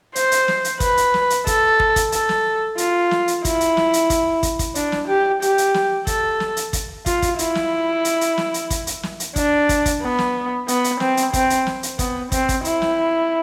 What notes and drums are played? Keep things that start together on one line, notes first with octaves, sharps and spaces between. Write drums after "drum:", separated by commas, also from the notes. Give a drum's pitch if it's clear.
C5, drum: hi-hat
drum: hi-hat
drum: snare
drum: hi-hat
B4, drum: kick, hi-hat
drum: hi-hat
drum: snare
drum: hi-hat
A4, drum: kick, hi-hat
drum: kick
drum: kick, hi-hat
A4, drum: hi-hat
drum: snare
F4, drum: hi-hat
drum: snare
drum: hi-hat
E4, drum: kick, hi-hat
drum: hi-hat
drum: snare
drum: hi-hat
drum: kick, hi-hat
drum: kick, hi-hat
drum: kick, hi-hat
D4, drum: hi-hat
drum: snare
G4
G4, drum: hi-hat
drum: hi-hat
drum: snare
A4, drum: kick, hi-hat
drum: snare
drum: hi-hat
drum: kick, hi-hat
F4, drum: kick, hi-hat
drum: kick, hi-hat
E4, drum: hi-hat
drum: snare
drum: hi-hat
drum: hi-hat
drum: snare
drum: hi-hat
drum: kick, hi-hat
drum: hi-hat
drum: snare
drum: hi-hat
D4, drum: kick, hi-hat
drum: kick, hi-hat
drum: kick, hi-hat
B3
drum: snare
B3, drum: hi-hat
drum: hi-hat
C4, drum: snare
drum: hi-hat
C4, drum: kick, hi-hat
drum: hi-hat
drum: snare
drum: hi-hat
B3, drum: kick, hi-hat
C4, drum: kick, hi-hat
drum: kick, hi-hat
E4, drum: hi-hat
drum: snare